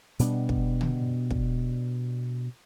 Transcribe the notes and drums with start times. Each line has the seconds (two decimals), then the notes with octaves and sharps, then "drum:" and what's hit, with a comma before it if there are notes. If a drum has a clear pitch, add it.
0.19 B2 G3 B3 D4, drum: hi-hat
0.49 drum: kick
0.81 drum: tom
1.31 drum: kick